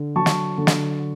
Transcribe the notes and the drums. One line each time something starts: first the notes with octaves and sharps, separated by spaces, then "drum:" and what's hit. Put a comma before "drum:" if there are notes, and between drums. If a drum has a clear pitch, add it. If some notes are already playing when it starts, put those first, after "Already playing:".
Already playing: D3
F#3 A5 C#6
drum: snare
D3
drum: snare